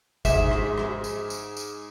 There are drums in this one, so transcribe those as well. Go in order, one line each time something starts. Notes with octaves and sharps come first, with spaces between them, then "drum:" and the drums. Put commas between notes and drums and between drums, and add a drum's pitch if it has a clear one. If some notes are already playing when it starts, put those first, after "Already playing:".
G#2 G#4 E5, drum: kick G#1, tambourine
drum: rim click
drum: rim click
drum: tambourine
drum: tambourine
drum: tambourine